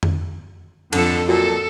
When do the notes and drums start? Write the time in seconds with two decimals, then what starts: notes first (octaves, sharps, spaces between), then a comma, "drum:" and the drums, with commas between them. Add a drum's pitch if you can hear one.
0.03 drum: tom F2
0.93 F2 D3 A4, drum: cymbal
1.28 A#2 F#3 A4